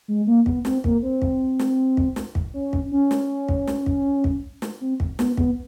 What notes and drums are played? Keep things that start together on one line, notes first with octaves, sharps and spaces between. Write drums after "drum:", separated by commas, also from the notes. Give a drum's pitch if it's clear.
G#3
A#3
B3, drum: kick
C4, drum: snare
A#3, drum: kick
C4
drum: kick
drum: snare
drum: kick
drum: snare
drum: kick
C#4
drum: kick
C#4
drum: snare
drum: kick
drum: snare
drum: kick
drum: kick
drum: snare
C4
drum: kick
B3, drum: snare
B3, drum: kick